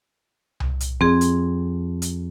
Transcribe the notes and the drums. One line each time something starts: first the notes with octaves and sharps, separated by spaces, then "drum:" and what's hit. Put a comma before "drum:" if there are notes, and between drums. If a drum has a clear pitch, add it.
drum: tom C2
drum: hi-hat
F2 C4 G#4, drum: kick
drum: hi-hat
drum: hi-hat